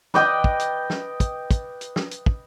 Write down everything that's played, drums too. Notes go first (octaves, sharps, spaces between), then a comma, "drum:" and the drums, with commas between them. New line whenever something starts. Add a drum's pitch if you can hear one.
B4 D5 D#5 G5, drum: snare
drum: kick
drum: hi-hat
drum: snare
drum: kick, hi-hat
drum: kick, hi-hat
drum: hi-hat
drum: snare
drum: hi-hat
drum: kick